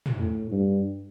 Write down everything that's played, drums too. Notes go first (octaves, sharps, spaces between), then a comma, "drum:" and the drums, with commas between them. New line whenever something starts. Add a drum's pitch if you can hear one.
drum: tom
A2
G2